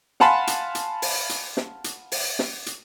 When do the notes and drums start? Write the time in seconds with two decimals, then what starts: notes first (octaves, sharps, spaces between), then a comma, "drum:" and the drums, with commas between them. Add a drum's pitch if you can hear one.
0.20 F5 F#5 G#5 A5 B5 C6, drum: snare
0.47 drum: hi-hat
0.75 drum: hi-hat
1.02 drum: open hi-hat
1.29 drum: hi-hat
1.57 drum: snare
1.84 drum: hi-hat
2.12 drum: open hi-hat
2.39 drum: snare
2.66 drum: hi-hat